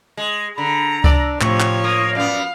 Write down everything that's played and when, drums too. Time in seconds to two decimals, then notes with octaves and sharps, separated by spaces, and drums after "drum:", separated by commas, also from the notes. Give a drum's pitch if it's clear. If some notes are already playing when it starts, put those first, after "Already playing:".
0.17 G#3
0.58 D3 A#5 B5
1.04 D4 D5 E6 A#6, drum: kick C#2
1.41 A2 C3 F3 C#5 C#6, drum: clap
1.60 drum: clap
1.84 A#3 D#6
2.15 F#2 B3 D5 F5